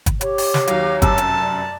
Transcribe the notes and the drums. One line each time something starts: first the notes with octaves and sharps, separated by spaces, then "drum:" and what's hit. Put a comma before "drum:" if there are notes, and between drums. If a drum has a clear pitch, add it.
drum: kick, hi-hat
G4 C#5, drum: hi-hat
drum: open hi-hat
drum: snare
D#2 F#3 F5, drum: hi-hat
F1 F#2 A5 E6, drum: kick, hi-hat
drum: hi-hat
D5